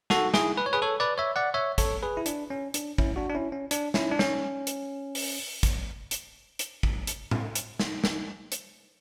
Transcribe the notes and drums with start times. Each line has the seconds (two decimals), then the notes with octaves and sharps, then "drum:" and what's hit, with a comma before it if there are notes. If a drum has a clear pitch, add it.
0.10 F#4 A4, drum: snare
0.34 E4 G#4, drum: snare
0.57 B4
0.66 C#5
0.73 G#4 B4
0.82 A4 C#5
1.00 B4 D5
1.18 C#5 E5
1.36 D5 F#5
1.54 C#5 E5
1.78 A4 C#5, drum: kick, hi-hat
2.03 G#4 B4
2.17 E4
2.26 D4, drum: hi-hat
2.50 C#4
2.74 D4, drum: hi-hat
2.98 C#4 E4, drum: kick
3.16 D4 F#4
3.30 D4
3.35 C#4 E4
3.52 C#4
3.71 D4, drum: hi-hat
3.94 C#4 E4, drum: snare
4.11 D4
4.19 C#4, drum: snare
4.67 drum: hi-hat
5.15 drum: open hi-hat
5.63 drum: kick, hi-hat
6.11 drum: hi-hat
6.59 drum: hi-hat
6.83 drum: kick
7.07 drum: hi-hat
7.31 drum: tom A2
7.55 drum: hi-hat
7.80 drum: snare
8.04 drum: snare
8.52 drum: hi-hat